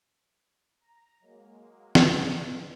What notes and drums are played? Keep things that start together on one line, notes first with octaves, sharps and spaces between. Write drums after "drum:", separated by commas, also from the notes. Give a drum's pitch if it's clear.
A#5
F#3 G#3 A#3
drum: snare
D3